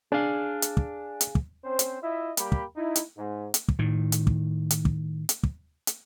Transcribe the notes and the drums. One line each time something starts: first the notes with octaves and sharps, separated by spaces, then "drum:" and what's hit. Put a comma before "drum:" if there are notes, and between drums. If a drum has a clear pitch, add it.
D4 G#4 F5
drum: hi-hat
drum: kick
drum: hi-hat
drum: kick
C4 C#4 C5
drum: hi-hat
E4 F4 D#5 E5
G3 A#3 G4 B5, drum: hi-hat
drum: kick
D#4 E4
drum: hi-hat
G#2
drum: hi-hat
drum: kick
A2 D#3
drum: hi-hat
drum: kick
drum: hi-hat
drum: kick
drum: hi-hat
drum: kick
drum: hi-hat